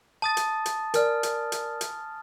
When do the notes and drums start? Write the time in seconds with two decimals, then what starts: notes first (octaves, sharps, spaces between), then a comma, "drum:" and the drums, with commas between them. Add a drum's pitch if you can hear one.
0.22 A5 D#6 A6
0.37 drum: hi-hat
0.66 drum: hi-hat
0.94 A#4 D5 G#5 F6, drum: hi-hat
1.23 drum: hi-hat
1.52 drum: hi-hat
1.81 drum: hi-hat